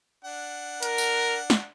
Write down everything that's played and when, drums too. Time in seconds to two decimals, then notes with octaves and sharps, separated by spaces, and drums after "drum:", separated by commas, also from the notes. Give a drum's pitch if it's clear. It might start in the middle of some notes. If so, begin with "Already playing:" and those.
0.24 D4 F#5
0.83 A#4, drum: hi-hat
0.98 drum: tambourine
1.50 drum: snare